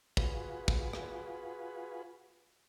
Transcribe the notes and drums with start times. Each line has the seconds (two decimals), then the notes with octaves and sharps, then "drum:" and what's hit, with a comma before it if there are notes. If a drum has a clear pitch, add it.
0.17 F4 F#4 G#4 B4, drum: kick
0.68 drum: kick
0.93 drum: rim click